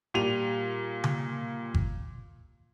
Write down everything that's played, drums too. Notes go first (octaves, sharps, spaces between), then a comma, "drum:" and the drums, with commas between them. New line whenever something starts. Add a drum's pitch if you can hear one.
A#2 G3 D#7 F7
drum: tom C#3
drum: kick G1